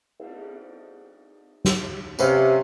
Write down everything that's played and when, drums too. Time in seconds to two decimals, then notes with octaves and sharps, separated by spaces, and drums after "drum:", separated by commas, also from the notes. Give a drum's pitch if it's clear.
0.19 drum: cymbal
1.65 drum: snare
2.19 C3 C#4 B4 F5, drum: tambourine